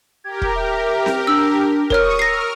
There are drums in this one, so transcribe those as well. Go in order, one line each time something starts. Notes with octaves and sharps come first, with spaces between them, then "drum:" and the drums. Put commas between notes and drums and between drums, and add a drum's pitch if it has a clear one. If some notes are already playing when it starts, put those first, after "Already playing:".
G4 A#4 G#6
drum: kick
E5
drum: snare C4
D4 E6
A#4 C#5 C#6 D#6 F6, drum: kick
A#4 E6 F6 A#6 C7